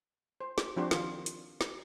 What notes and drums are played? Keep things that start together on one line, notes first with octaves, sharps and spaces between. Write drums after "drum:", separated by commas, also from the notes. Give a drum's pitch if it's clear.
C5
drum: snare
F3 C4 D4 F#4 G4 C5
D#3 F4, drum: snare
drum: hi-hat
drum: snare